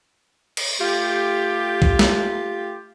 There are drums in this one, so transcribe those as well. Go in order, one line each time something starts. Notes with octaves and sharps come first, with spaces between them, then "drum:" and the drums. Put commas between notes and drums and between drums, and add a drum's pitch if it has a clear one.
drum: cymbal
A3 F4 G4
drum: kick
drum: snare